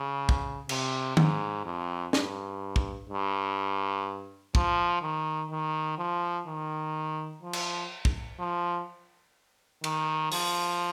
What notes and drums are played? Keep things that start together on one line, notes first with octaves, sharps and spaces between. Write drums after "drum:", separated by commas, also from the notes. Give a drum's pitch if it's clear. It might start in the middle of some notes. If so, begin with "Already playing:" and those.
Already playing: C#3
drum: kick
C3, drum: cymbal
G#2, drum: tom
F2
G2, drum: snare
drum: kick
G2
F3, drum: kick
D#3
D#3
F3
D#3
F3
drum: cymbal
drum: kick
F3
D#3, drum: cymbal
F3, drum: open hi-hat